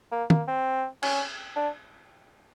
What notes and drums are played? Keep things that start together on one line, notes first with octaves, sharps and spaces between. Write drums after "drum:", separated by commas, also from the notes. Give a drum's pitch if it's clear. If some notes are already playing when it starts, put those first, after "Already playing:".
A#3
A#3, drum: tom
C4
C#4, drum: cymbal
D4